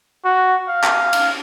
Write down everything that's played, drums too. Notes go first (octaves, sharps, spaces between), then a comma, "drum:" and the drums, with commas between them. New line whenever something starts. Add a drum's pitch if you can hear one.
F#4
F5
drum: clap
drum: cymbal